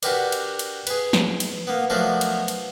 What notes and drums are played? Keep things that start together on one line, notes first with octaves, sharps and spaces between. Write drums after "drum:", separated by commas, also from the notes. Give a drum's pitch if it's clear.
D4 F#4 G4 A#4 B4 D5, drum: cymbal
drum: cymbal
drum: cymbal
G#4 B4, drum: cymbal
drum: snare
drum: cymbal
A#3 B3
F3 F#3 A3 B3 D4 A#4
drum: cymbal
drum: cymbal